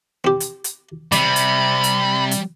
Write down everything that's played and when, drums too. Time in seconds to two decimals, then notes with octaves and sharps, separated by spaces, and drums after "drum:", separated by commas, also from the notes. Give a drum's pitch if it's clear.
0.24 C4 G4
0.40 drum: hi-hat
0.64 drum: hi-hat
1.12 C3 G3 D5 B5, drum: hi-hat
1.36 drum: hi-hat
1.84 drum: hi-hat
2.31 drum: hi-hat